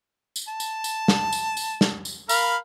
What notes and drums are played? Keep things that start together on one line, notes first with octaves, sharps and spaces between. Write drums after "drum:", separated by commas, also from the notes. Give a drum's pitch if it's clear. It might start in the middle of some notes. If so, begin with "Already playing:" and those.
drum: tambourine
A5
drum: tambourine
drum: tambourine
drum: snare
drum: tambourine
drum: tambourine
drum: snare
drum: tambourine
A#4 F5 B5, drum: tambourine